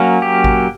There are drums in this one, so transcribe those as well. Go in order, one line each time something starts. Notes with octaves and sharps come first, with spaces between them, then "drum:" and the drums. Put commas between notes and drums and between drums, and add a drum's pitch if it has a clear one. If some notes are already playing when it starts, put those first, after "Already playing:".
Already playing: F#3 A#3 C#4
G4
drum: kick G#1